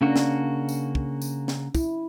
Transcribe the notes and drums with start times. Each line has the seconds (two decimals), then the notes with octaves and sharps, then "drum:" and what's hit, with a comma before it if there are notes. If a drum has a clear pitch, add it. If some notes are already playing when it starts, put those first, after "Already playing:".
0.01 C#3 A#3 C#4 D4 F#4
0.16 drum: snare
0.69 drum: tambourine
0.95 drum: kick
1.22 drum: tambourine
1.48 drum: snare
1.75 E4, drum: kick, tambourine